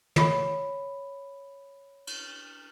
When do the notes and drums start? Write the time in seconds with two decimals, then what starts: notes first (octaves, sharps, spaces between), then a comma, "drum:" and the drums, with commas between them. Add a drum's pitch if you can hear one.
0.16 C#5 B5, drum: tom
2.07 drum: cymbal